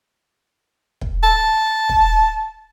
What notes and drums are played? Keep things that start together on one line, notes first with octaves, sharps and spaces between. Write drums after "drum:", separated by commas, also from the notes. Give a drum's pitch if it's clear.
drum: kick
A5
drum: kick